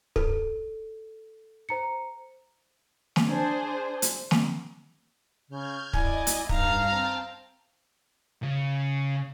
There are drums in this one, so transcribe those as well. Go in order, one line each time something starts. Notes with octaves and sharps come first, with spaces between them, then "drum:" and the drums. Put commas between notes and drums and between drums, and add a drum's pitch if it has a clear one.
A4, drum: kick
C5 A#5 C#7
drum: snare
D4 G#4 C5
drum: hi-hat
drum: snare
C#3 F6 G6 G#6
E4 D5 D#5 G#5, drum: kick
drum: hi-hat
G2 D#4 F5 A5 A#5, drum: kick
C4 G5 A5
C#3